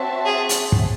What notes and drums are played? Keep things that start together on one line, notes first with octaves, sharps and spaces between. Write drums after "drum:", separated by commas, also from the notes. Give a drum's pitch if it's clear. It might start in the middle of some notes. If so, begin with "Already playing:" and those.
Already playing: C4 F#4 C#5 E5 A5
G#4
drum: hi-hat
drum: kick